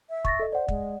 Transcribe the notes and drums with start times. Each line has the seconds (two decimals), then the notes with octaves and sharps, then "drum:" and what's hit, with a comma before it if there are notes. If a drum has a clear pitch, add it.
0.10 E5
0.25 C#6 A6 A#6, drum: kick
0.39 A4 D#5
0.52 C5 D5 F#5
0.68 G#3, drum: kick